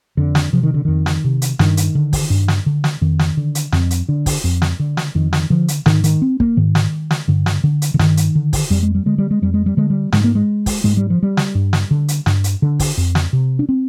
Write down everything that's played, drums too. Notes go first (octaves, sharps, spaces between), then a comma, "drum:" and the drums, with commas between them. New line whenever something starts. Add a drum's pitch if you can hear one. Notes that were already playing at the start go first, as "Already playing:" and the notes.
F2 D3
drum: snare
C3 F3
D#3
D3
F2 D#3
drum: snare
C3
drum: hi-hat
G2 D#3, drum: snare
drum: hi-hat
D3
drum: kick, open hi-hat
G2
drum: snare
D3
drum: snare
F2 D#3
drum: snare
D3
drum: hi-hat
F2, drum: snare
drum: hi-hat
D3
drum: kick, open hi-hat
F2
drum: snare
D3
drum: snare
F2 D#3
D#3, drum: snare
D3 F3
drum: hi-hat
G#2 D#3, drum: snare
D#3, drum: hi-hat
C4
A#3, drum: kick
G#2 D#3
drum: snare
drum: snare
G2 D3
drum: snare
D3
drum: hi-hat
D3
G2 D#3, drum: snare
drum: hi-hat
D3
drum: kick, open hi-hat
F2 G3
G#3
G3
D3 G#3
G3
G#3
F2 G3
G#3
G3
D3 G#3
G3
G#2 G#3, drum: snare
A#3
G#3
drum: kick, open hi-hat
G#2 G#3
G3
F3
G3
drum: snare
G2
drum: snare
D3
drum: hi-hat
G2, drum: snare
drum: hi-hat
D3
drum: kick, open hi-hat
F2
drum: snare
C3
D4
C4